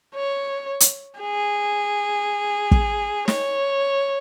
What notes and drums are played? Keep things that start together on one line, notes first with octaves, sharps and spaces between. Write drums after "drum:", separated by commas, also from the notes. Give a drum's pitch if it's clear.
C#5
drum: hi-hat
G#4
drum: kick
C#5, drum: snare